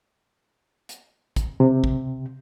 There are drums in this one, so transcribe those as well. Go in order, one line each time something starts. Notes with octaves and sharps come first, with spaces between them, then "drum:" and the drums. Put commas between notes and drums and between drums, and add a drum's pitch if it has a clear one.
drum: hi-hat
drum: kick, hi-hat
C3
drum: kick